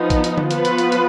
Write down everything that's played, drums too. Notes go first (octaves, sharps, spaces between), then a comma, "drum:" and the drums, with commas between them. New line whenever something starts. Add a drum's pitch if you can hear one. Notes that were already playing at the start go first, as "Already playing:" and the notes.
Already playing: F3 B3 D#4
drum: kick A1, hi-hat
drum: hi-hat
drum: tom D3
F3 B3 F4 B4, drum: hi-hat
drum: hi-hat
drum: hi-hat
drum: hi-hat